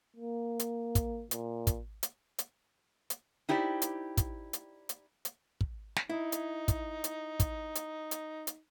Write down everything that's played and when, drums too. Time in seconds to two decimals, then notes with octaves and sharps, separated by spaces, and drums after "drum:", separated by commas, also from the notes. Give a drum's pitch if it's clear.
0.17 A#3
0.59 drum: hi-hat
0.95 drum: kick, hi-hat
1.31 A#2, drum: hi-hat
1.67 drum: kick, hi-hat
2.03 drum: hi-hat
2.38 drum: hi-hat
3.10 drum: hi-hat
3.49 D#4 E4 G4 C5 D5
3.82 drum: hi-hat
4.17 drum: kick, hi-hat
4.53 drum: hi-hat
4.89 drum: hi-hat
5.25 drum: hi-hat
5.61 drum: kick
5.96 drum: snare
6.10 D#4 E4
6.32 drum: hi-hat
6.68 drum: kick, hi-hat
7.04 drum: hi-hat
7.40 drum: kick, hi-hat
7.75 drum: hi-hat
8.11 drum: hi-hat
8.47 drum: hi-hat